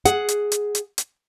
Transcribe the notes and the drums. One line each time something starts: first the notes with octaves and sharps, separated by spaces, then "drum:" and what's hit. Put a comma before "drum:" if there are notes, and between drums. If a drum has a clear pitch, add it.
G#4 F#5, drum: hi-hat
drum: hi-hat
drum: hi-hat
drum: hi-hat
drum: hi-hat